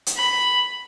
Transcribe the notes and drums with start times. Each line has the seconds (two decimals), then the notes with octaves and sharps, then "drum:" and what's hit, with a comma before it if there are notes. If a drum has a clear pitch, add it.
0.06 drum: hi-hat
0.17 B5